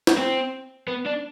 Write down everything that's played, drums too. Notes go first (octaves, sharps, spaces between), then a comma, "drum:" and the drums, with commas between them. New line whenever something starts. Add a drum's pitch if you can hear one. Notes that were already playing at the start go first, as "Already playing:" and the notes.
drum: snare
C4
B3
D4